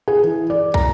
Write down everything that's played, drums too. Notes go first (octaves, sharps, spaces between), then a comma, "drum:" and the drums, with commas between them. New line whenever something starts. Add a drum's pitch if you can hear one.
G#4
E3
D5
A#5, drum: kick